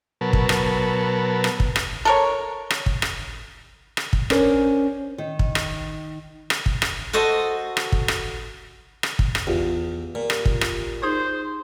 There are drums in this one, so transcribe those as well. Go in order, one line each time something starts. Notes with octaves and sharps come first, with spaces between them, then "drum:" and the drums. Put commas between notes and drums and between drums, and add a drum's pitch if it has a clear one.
B2 F#3 A#4 B4 A5
drum: kick
drum: rim click
drum: rim click
drum: kick
drum: rim click
A4 A#4 C#5
drum: rim click
drum: kick
drum: rim click
drum: rim click
drum: kick
C#4 D4 A#4 C5, drum: rim click
D#3
drum: kick
drum: rim click
drum: rim click
drum: kick
drum: rim click
F#4 A4 C5 D#5
drum: rim click
drum: kick
drum: rim click
drum: rim click
drum: kick
drum: rim click
E2 F4 G4
A#2
drum: rim click
drum: kick
drum: rim click
D#4 G#4 C5